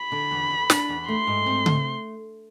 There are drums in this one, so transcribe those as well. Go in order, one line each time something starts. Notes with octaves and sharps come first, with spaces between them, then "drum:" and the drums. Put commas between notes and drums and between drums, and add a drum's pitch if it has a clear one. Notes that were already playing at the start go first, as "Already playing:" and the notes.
Already playing: B5
D3
E2
E2
D4, drum: snare
E2
A3 C6
G#2
C4
A3, drum: tom C#3